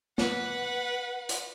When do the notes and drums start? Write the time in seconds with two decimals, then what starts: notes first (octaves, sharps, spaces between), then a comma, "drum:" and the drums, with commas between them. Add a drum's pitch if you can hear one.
0.18 B4 F#5, drum: snare A#3
1.29 drum: hi-hat